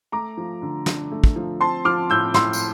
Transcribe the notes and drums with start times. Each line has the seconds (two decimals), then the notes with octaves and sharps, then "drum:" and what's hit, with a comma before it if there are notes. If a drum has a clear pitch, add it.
0.12 A3 A#5 D6
0.37 F3
0.62 D3
0.86 D4, drum: snare
1.12 A3
1.24 drum: kick
1.36 F3
1.60 C4 A5 C6
1.85 F3 D6 F6
2.10 A2 E6 G6
2.34 A2 C6 E6, drum: snare
2.53 drum: tambourine